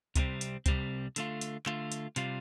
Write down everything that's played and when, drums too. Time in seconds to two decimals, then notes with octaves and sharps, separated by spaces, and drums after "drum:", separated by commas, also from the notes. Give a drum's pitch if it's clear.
0.16 C2 C3 G3 C4, drum: kick C#2, hi-hat
0.41 drum: hi-hat
0.66 C2 C3 G3 C4, drum: kick C#2, hi-hat
1.16 D3 A3 F4, drum: hi-hat
1.41 drum: hi-hat
1.66 D3 A3 F4, drum: clap
1.92 drum: hi-hat
2.16 C3 G3 F4, drum: hi-hat